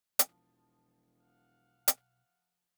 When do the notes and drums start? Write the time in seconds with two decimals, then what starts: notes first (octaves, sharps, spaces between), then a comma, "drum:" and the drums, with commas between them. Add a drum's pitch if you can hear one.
0.19 E1 B1 F3, drum: hi-hat
1.22 F5 F#5
1.88 drum: hi-hat